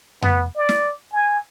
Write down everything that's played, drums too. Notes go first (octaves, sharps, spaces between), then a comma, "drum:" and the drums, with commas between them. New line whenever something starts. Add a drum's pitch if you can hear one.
B3, drum: tom F2
D5
drum: snare
G#5